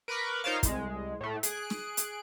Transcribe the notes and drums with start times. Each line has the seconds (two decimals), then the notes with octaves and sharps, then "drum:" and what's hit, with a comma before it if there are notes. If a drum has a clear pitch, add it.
0.08 A#4 B4 B5 C#6 D6
0.44 D#4 F4 A#4 C5 C#5 F5
0.63 C2 G#3, drum: kick, hi-hat
1.21 A2 A3
1.43 G#4 F#6 D7, drum: hi-hat
1.70 drum: snare
1.97 drum: hi-hat